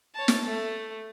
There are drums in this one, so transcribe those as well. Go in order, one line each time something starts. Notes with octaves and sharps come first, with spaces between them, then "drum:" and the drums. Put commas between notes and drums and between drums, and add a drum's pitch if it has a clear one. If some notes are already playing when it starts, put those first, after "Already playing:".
C#5 A5
drum: snare
A3